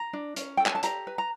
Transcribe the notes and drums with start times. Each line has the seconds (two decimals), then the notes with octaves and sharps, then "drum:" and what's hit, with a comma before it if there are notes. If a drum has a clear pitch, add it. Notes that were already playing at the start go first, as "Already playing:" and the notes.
Already playing: A#5
0.13 D4
0.36 C#4, drum: hi-hat
0.57 A4 G5
0.66 G#5, drum: clap
0.75 A5
0.83 G4 A#5, drum: hi-hat
1.07 B4
1.18 A#5